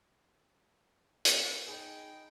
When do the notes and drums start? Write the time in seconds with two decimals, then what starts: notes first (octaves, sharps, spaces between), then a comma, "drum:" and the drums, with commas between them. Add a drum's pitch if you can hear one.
1.25 drum: hi-hat
1.67 D#4 G#4 G5 B5